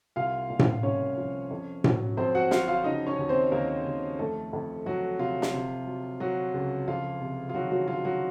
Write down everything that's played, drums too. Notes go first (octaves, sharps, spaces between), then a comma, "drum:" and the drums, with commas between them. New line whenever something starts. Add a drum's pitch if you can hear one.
C2 F4 F5
A#2
drum: tom A2
C2 C#4 C#5
F3
F2
F#3, drum: tom A2
F2 C4 C5
F#4 F#5
F#3 F4 F5, drum: snare
F4 F5
C#3 D#4 D#5
C#4 C#5
D#2
C4 C5
D#2 A#3 A#4
D#2
F2 A3 A4
F2
F2 F#3 F#4
C3 F4
drum: snare
C3
F#3
F#3 F#4
C#2
F2 F4
C3
F4
D#3 F#3 F#4
F#3 F#4
F#3 F4
F#3 F#4